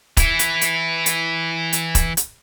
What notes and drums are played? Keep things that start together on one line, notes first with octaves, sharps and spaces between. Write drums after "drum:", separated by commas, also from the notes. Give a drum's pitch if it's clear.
E3 E4, drum: kick, hi-hat
drum: hi-hat
drum: hi-hat
drum: hi-hat
drum: hi-hat
drum: kick, hi-hat
drum: hi-hat